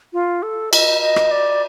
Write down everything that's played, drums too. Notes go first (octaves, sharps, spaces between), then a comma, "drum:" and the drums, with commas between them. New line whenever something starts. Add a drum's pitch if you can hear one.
F4
A4
D#5, drum: cymbal
D#5
drum: rim click
D5